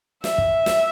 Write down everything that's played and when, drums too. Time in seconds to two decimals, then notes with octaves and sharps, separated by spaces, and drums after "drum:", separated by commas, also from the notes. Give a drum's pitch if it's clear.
0.24 E5, drum: snare
0.38 drum: kick
0.66 drum: snare